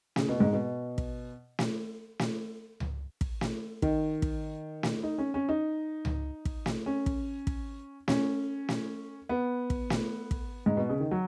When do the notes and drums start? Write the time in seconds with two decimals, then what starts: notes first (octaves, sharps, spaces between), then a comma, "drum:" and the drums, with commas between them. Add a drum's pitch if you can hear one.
0.16 C#3, drum: snare
0.29 B2
0.40 G#2
0.53 B2
0.98 drum: kick
1.59 drum: snare
2.19 drum: snare
2.80 drum: tom C#2
3.21 drum: kick
3.41 drum: snare
3.82 D#3, drum: kick
4.22 drum: kick
4.83 drum: snare
5.03 D#4
5.18 C#4
5.34 C#4
5.49 D#4
6.05 drum: tom C#2
6.45 drum: kick
6.66 drum: snare
6.86 C#4
7.06 drum: kick
7.47 drum: kick
8.08 C#4, drum: snare
8.69 drum: snare
9.29 B3
9.70 drum: kick
9.90 drum: snare
10.31 drum: kick
10.66 G#2
10.77 B2
10.89 C#3
11.00 D#3
11.11 F#3